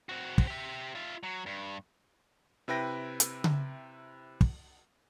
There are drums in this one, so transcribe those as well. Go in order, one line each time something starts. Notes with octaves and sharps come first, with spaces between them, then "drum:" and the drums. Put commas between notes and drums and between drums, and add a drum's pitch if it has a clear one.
C4 F#4
drum: kick
G4 E5
F4 E5
F#3
G2
C3 E4 B4 G5 A#6
drum: hi-hat
drum: tom C#3
drum: kick